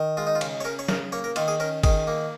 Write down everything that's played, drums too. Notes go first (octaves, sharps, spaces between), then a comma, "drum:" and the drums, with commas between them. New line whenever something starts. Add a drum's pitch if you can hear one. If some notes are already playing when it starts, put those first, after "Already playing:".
Already playing: D#3
G#3 F4
D#4
F4
C#3, drum: cymbal
C#5
C#4 A#4
C#5
C#3 A#4, drum: snare
A#3 C#5
A#4
D#3 F4, drum: cymbal
G#4
C#4 A#4
D#3 G#4, drum: kick G#1, cymbal
A#3